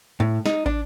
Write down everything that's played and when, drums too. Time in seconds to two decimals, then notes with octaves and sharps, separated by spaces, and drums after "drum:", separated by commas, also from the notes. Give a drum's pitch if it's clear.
0.20 A2
0.46 D#4, drum: snare
0.66 D4, drum: kick